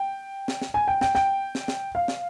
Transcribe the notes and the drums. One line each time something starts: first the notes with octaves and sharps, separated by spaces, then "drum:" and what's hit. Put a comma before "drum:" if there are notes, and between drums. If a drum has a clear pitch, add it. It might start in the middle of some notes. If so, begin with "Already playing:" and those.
Already playing: G5
drum: snare
drum: snare
G#5
G5
G5, drum: snare
G5, drum: snare
drum: snare
drum: snare
F5
drum: snare